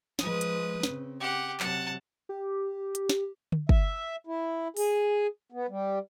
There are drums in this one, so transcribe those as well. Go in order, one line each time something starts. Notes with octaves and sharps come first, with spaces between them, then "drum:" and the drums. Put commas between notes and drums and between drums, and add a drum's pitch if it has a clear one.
F3 G#3 B4 D#6, drum: snare
drum: hi-hat
C#3 C4, drum: snare
G4 F#5
C3 F#3 F#5 A5, drum: clap
G4
drum: hi-hat
drum: snare
drum: tom D3
E5, drum: kick
E4
G#4, drum: open hi-hat
B3
G3